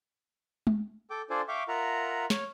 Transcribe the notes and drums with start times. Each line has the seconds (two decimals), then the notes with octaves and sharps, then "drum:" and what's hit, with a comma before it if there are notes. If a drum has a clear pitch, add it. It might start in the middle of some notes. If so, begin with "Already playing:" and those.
0.67 drum: tom G#3
1.10 A4 G5 D6
1.30 D4 F4 A4 C5 D5 G#5
1.48 E5 F5 G5 C#6 D6
1.68 F4 A#4 E5 F#5 A#5
2.30 C#5 F6, drum: snare